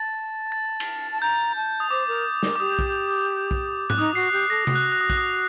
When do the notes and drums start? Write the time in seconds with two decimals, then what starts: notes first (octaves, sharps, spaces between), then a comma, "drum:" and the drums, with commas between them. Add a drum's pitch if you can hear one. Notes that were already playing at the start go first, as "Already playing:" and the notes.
Already playing: A5 A6
0.52 A6
0.80 drum: cymbal
1.12 A5
1.21 A#5 G6
1.56 A5
1.80 D#6
1.91 C5 D6
2.08 A#4
2.43 A#4, drum: snare
2.56 D6
2.59 G4 D#6
2.79 drum: kick B1
3.51 drum: kick B1
3.90 F#6, drum: tom G#2
3.98 D#4 D#6
4.15 F#4 C7
4.32 G4 C7
4.49 A4 A#6
4.67 F#4 D#6, drum: tom C3
4.75 F#6
4.84 D#6
4.92 F#6
5.01 D#6
5.10 F#6, drum: kick B1
5.17 D#6